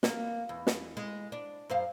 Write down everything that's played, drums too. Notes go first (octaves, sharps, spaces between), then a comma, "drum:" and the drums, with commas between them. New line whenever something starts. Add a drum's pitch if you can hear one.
A#3, drum: snare
E2
drum: snare
G#3
D4
F#2 C5 F5